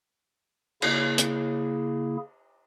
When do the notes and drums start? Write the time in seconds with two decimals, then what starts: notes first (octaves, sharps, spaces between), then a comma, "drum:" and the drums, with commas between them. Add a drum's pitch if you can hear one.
0.82 C#3 A#3 E4 G#4, drum: cymbal
1.18 drum: hi-hat